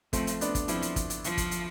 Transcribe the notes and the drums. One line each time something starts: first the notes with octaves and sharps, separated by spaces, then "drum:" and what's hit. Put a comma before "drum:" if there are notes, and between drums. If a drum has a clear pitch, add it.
F3 A3 C4, drum: kick, hi-hat
drum: hi-hat
B3 D4, drum: hi-hat
drum: kick, hi-hat
F3 C4 E4, drum: hi-hat
drum: hi-hat
drum: kick, hi-hat
drum: hi-hat
F3, drum: hi-hat
drum: kick, hi-hat
drum: hi-hat